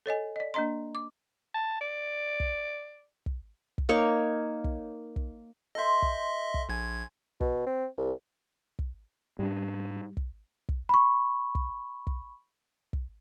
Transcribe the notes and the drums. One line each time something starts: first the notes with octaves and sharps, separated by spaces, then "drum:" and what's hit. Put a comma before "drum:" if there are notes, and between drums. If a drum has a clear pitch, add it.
A4 C#5 D#5 G#5
D5 D#5
A#3 D4 D#5 A#5 C6
D6
A5
D5
drum: kick
drum: kick
drum: kick
A#3 D#4 C#5
drum: kick
drum: kick
A4 C5 D#5 E5 C6
drum: kick
drum: kick
A#1 G#5 G#6
B2, drum: kick
C4
C2
drum: kick
G#2 G3 D4
drum: kick
drum: kick
B5 C#6
drum: kick
drum: kick
drum: kick